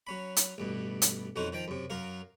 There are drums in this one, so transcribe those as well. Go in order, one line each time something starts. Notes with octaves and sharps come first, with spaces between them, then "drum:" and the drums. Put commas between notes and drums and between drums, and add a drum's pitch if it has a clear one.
F#3 C#4 B5
drum: hi-hat
A1 G2 B2
drum: hi-hat
B1 F2 C#4 D#4 F#4 C5
D#3 F3 G5
F#2 C3
F#2 F#3 A#4 F5